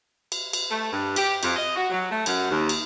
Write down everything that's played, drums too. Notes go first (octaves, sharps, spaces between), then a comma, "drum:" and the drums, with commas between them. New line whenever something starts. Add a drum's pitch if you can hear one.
drum: cymbal
drum: cymbal
A3
G2
G4, drum: cymbal
F2, drum: cymbal
D#5
F#4
F#3
A3
F#2, drum: cymbal
D#2
drum: cymbal